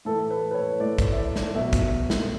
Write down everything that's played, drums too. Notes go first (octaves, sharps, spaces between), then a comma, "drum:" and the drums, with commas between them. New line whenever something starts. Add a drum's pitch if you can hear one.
A2 E3 A4
B4
B4
C#5
A2 E3 D5
drum: kick, hi-hat
E5
D5
drum: snare
B2 F#3 E5
drum: kick, hi-hat
drum: snare